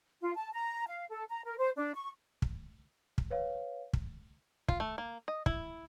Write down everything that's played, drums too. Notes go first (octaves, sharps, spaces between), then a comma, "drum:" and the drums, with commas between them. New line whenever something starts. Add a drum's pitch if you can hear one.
F4
A5
A#5
F5
A4
A#5
A#4
C5
D4
C#6
drum: kick
drum: kick
B4 C#5 F5
drum: kick
F4, drum: kick
A3
A#3
D#5
E4, drum: kick